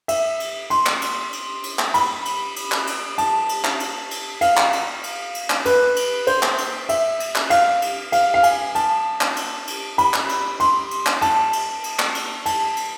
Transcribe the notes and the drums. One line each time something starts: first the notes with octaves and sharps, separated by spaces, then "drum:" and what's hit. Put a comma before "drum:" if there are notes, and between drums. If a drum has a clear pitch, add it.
E5, drum: cymbal
drum: cymbal
C6, drum: cymbal
drum: clap
drum: cymbal
drum: cymbal
drum: cymbal
drum: clap
B5, drum: cymbal
drum: cymbal
drum: cymbal
drum: clap
drum: cymbal
A5, drum: cymbal
drum: cymbal
drum: clap
drum: cymbal
drum: cymbal
F5, drum: cymbal
drum: clap
drum: cymbal
drum: cymbal
drum: cymbal
drum: clap
B4, drum: cymbal
drum: cymbal
C5, drum: cymbal
drum: clap
drum: cymbal
E5, drum: cymbal
drum: cymbal
drum: clap
F5, drum: cymbal
drum: cymbal
F5, drum: cymbal
F5
G#5, drum: cymbal
A5, drum: cymbal
drum: clap
drum: cymbal
drum: cymbal
B5, drum: cymbal
drum: clap
drum: cymbal
C6, drum: cymbal
drum: cymbal
drum: clap
A5, drum: cymbal
drum: cymbal
drum: cymbal
drum: clap
drum: cymbal
A5, drum: cymbal
drum: cymbal